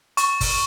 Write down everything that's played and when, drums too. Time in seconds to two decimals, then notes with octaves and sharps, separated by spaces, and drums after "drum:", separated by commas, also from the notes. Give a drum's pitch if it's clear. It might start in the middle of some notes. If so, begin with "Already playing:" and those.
0.17 C#6, drum: hi-hat
0.41 drum: kick, open hi-hat